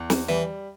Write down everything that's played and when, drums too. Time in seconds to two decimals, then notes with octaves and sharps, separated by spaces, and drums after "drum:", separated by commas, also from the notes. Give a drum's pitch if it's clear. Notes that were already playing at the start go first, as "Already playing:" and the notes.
Already playing: E2
0.10 drum: snare
0.28 E3 G3